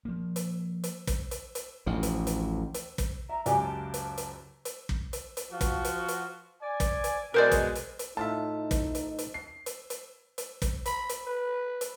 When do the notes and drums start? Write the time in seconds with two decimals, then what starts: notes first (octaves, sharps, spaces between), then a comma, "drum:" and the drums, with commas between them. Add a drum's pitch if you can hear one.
0.05 F3 A#3
0.36 drum: hi-hat
0.84 drum: hi-hat
1.07 drum: kick, hi-hat
1.31 drum: hi-hat
1.55 drum: hi-hat
1.86 A1 D2 F3
2.03 drum: hi-hat
2.27 drum: hi-hat
2.74 drum: hi-hat
2.98 drum: kick, hi-hat
3.29 E5 A#5
3.46 C#2 F#2 G4 G#5, drum: hi-hat
3.62 A5
3.94 drum: hi-hat
4.18 drum: hi-hat
4.65 drum: hi-hat
4.89 drum: kick
5.13 drum: hi-hat
5.37 drum: hi-hat
5.51 F3 F4 F#4
5.61 drum: kick, hi-hat
5.85 drum: hi-hat
6.08 drum: hi-hat
6.62 D5 G#5
6.80 drum: kick, hi-hat
7.04 drum: hi-hat
7.34 B2 G#3 A#4 C5 D5
7.52 drum: kick, hi-hat
7.75 drum: hi-hat
7.99 drum: hi-hat
8.17 A2 D#4 F4 E5 A5
8.71 drum: kick, hi-hat
8.95 drum: hi-hat
9.19 drum: hi-hat
9.34 C7
9.66 drum: hi-hat
9.90 drum: hi-hat
10.38 drum: hi-hat
10.62 drum: kick, hi-hat
10.85 B5, drum: hi-hat
11.09 drum: hi-hat
11.26 B4
11.81 drum: hi-hat